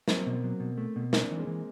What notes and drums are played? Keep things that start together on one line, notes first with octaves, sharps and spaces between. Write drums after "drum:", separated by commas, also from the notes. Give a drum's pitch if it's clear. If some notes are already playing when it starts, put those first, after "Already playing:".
F#3 A#3 C4, drum: snare
B2
F#3
B2
A3
B2
A#3 C4 D4, drum: snare
E3
G#3 A#3
E3